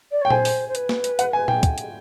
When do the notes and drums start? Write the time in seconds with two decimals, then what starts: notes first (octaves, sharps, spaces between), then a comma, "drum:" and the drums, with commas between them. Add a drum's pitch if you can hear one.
0.11 D5
0.21 C#5 G5
0.30 C5 G#5, drum: tom A#2
0.45 drum: open hi-hat
0.68 C5
0.75 B4, drum: hi-hat
0.89 drum: snare
1.04 drum: hi-hat
1.19 F#5, drum: hi-hat
1.33 G#5
1.48 G5, drum: tom A#2
1.63 drum: kick, hi-hat
1.78 drum: hi-hat